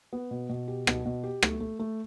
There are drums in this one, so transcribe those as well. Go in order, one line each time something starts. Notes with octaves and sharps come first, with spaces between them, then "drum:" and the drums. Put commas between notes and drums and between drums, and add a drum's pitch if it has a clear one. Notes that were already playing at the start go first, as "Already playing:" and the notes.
B3
B2
B2
G4
B2, drum: rim click
B2
G4
A3, drum: rim click
A3
A3